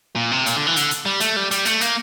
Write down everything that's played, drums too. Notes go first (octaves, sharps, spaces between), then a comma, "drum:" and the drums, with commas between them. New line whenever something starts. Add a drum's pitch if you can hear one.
A#2
C3
A#2, drum: hi-hat
D3
E3
D3, drum: hi-hat
drum: hi-hat
G3
A3, drum: hi-hat
G3
G3, drum: hi-hat
A3, drum: hi-hat
A#3, drum: hi-hat